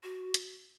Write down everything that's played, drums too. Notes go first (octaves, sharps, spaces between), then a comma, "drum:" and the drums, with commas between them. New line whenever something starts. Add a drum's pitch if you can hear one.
F#4
drum: hi-hat